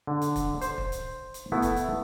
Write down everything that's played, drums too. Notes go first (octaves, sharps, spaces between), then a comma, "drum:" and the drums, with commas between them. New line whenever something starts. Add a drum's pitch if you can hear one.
D3
drum: hi-hat
drum: kick, hi-hat
C5, drum: hi-hat
drum: kick
drum: hi-hat
drum: hi-hat
A3 B3 E4
drum: kick, hi-hat
drum: hi-hat